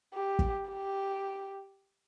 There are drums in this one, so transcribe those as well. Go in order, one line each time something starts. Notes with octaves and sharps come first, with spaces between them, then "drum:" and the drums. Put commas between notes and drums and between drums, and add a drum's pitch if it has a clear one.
G4
drum: kick
G4